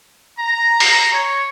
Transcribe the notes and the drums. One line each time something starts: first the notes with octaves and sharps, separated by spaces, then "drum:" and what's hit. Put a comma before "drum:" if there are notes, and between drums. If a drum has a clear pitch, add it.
A#5
A#5, drum: open hi-hat
C#5